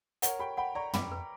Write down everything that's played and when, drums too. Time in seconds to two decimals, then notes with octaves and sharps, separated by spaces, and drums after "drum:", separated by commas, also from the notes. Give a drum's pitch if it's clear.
0.22 A#4 C#5 F#5, drum: hi-hat
0.39 G4 G5 B5
0.57 F#5 G5 B5
0.75 D5 A#5 C#6
0.93 B4 B5 D6, drum: tom
1.12 B4